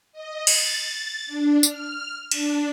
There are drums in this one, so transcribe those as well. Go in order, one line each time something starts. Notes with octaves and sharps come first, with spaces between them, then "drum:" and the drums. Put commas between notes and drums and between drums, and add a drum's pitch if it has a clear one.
D#5
A6, drum: cymbal
D4
F6, drum: tambourine
D4, drum: cymbal